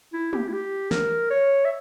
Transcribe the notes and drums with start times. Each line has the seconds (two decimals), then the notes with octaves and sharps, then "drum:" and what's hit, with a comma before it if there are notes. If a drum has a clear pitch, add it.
0.13 E4
0.33 G4, drum: tom
0.48 E4
0.53 G4
0.91 A#4, drum: snare
1.30 C#5
1.65 E5